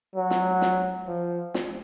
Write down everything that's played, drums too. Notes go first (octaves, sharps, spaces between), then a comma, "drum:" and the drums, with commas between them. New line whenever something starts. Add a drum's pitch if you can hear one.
F#3
drum: snare
drum: snare
F3
drum: snare